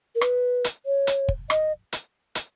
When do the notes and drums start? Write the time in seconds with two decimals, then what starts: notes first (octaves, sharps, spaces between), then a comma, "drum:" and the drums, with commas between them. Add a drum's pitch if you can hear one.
0.15 A#4
0.21 B4, drum: rim click
0.64 drum: hi-hat
0.86 C#5
1.07 drum: hi-hat
1.28 drum: kick
1.50 D#5, drum: rim click
1.93 drum: hi-hat
2.35 drum: hi-hat